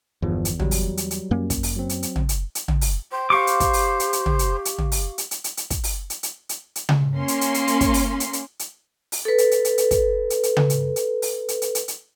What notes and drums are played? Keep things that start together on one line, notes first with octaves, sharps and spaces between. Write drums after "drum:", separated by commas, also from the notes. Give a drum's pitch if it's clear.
G1 E2 F3
drum: hi-hat
F#3 G3, drum: tom
drum: open hi-hat
drum: hi-hat
drum: hi-hat
F#2 A#3 C#4
drum: kick, hi-hat
drum: open hi-hat
F#3 C4
drum: hi-hat
drum: hi-hat
drum: tom
drum: hi-hat
drum: hi-hat
drum: tom
drum: open hi-hat
C5 G5
G4 F5 C#6 D6
drum: hi-hat
drum: kick, hi-hat
drum: open hi-hat
drum: hi-hat
drum: hi-hat
drum: tom
drum: hi-hat
drum: hi-hat
drum: tom
drum: open hi-hat
drum: hi-hat
drum: hi-hat
drum: hi-hat
drum: hi-hat
drum: kick, hi-hat
drum: open hi-hat
drum: hi-hat
drum: hi-hat
drum: hi-hat
drum: hi-hat
drum: tom C#3
A#3 C#4 C6
drum: hi-hat
drum: hi-hat
drum: hi-hat
drum: hi-hat
drum: kick, hi-hat
drum: open hi-hat
drum: hi-hat
drum: hi-hat
drum: hi-hat
drum: open hi-hat
A4 B4
drum: hi-hat
drum: hi-hat
drum: hi-hat
drum: hi-hat
drum: kick, hi-hat
drum: hi-hat
drum: hi-hat
drum: tom C#3
drum: hi-hat
drum: hi-hat
drum: open hi-hat
drum: hi-hat
drum: hi-hat
drum: hi-hat
drum: hi-hat